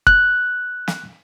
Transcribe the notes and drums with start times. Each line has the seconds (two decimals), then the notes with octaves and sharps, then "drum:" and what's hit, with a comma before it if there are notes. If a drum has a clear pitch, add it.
0.07 F#6, drum: kick
0.88 drum: snare